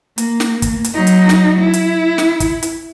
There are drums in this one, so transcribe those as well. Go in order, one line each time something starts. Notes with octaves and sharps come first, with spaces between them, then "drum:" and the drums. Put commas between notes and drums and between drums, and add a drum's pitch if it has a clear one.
A#3, drum: hi-hat
drum: snare
drum: kick, hi-hat
drum: hi-hat
F#3 D#4
drum: hi-hat
drum: snare
E4
drum: hi-hat
drum: snare
drum: kick, hi-hat
drum: hi-hat